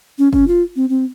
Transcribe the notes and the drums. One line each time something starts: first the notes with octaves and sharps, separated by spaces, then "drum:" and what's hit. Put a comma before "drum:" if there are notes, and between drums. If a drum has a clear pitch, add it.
C#4
C#4, drum: kick
F4
C4
C4